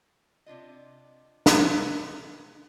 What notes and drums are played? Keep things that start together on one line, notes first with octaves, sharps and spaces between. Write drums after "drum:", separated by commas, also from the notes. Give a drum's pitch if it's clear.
C3 D4 F4 D#5
drum: snare